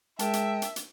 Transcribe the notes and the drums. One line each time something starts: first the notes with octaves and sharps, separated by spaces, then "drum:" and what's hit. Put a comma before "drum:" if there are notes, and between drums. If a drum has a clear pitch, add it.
G#3 A#4 E5 G5 A5, drum: hi-hat
drum: hi-hat
drum: hi-hat
drum: hi-hat